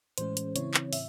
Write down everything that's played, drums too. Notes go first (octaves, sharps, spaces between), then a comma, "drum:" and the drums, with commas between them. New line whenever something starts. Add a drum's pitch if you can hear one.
A2 E3 G#3 C#4 C5, drum: hi-hat
drum: hi-hat
C#3 E3 C4 E4 C#5, drum: hi-hat
drum: clap
A2 E5, drum: open hi-hat